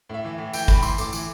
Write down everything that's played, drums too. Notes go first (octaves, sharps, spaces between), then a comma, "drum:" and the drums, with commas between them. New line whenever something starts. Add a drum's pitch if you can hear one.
A2 E5
E3
A2
E3 G5, drum: tambourine
A2 B5, drum: kick, tambourine
E3 C6, drum: tambourine
A2 D6, drum: tambourine
E3, drum: tambourine